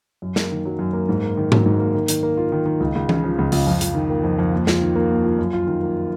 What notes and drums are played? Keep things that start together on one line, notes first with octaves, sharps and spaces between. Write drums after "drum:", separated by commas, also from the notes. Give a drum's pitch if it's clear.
F#2
A#3, drum: snare
D#3
F#3
F#2
A#3
G#2
A#3
D#3
F#3, drum: tom G#2
G#2
A#3
D#3
D#3, drum: hi-hat
A#3
F4
D#3
D#3
C#2
C#2
C#3, drum: tom E3
F3
C#2
C#2, drum: open hi-hat
F2
F2, drum: hi-hat
D#3
A#3
F2
F2
D#2
F4, drum: snare
D#3
A#3
D#2
F4
F#2
F4
D#3
A#3